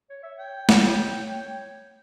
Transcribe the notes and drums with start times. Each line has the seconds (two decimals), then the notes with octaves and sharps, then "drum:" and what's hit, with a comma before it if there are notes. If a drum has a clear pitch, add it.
0.10 C#5
0.23 E5
0.40 C#5 G5
0.69 drum: snare